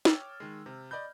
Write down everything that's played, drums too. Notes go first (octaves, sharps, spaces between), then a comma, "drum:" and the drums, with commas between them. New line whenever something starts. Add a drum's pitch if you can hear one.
C#5 G5 D6 E6 F6 A6, drum: snare
D#3 G#3
C3
D5 D#5 B5 G6